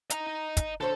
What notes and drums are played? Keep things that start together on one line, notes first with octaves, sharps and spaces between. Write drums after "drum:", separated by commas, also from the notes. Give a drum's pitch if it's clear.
D#5 A#5, drum: hi-hat
drum: kick, hi-hat
D3 A4 C5 C#5